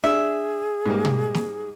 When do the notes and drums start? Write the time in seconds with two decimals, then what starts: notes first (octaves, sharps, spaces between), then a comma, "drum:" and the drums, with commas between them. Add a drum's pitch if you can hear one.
0.04 D4 G#4 E5
0.86 G#2 G3 A#3
1.05 drum: tom B2
1.35 drum: snare